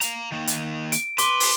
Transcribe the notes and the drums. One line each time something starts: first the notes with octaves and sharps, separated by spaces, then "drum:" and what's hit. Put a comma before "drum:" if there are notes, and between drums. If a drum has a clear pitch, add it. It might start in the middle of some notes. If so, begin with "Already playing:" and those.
F5 A#5, drum: hi-hat
D#3 A#3
drum: hi-hat
D7, drum: hi-hat
B4 C6 D6 G7, drum: hi-hat
drum: open hi-hat